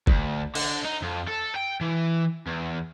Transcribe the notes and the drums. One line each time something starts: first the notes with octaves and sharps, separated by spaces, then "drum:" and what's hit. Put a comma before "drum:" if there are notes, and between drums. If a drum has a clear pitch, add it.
D2, drum: kick
D3, drum: cymbal
D#4
F2
A4
G5
E3
E2